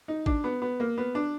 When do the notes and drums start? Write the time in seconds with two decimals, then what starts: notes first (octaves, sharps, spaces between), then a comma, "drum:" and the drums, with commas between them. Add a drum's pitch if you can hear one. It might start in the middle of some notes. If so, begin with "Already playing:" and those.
0.08 D#4
0.26 D4, drum: kick
0.44 B3
0.62 B3
0.80 A#3
0.98 B3
1.15 D4